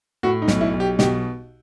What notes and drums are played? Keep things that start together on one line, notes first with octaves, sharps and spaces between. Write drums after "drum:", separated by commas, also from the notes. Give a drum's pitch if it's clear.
A2 F#4
D#4
B1, drum: snare
E4
B1
G4
B2 G4, drum: snare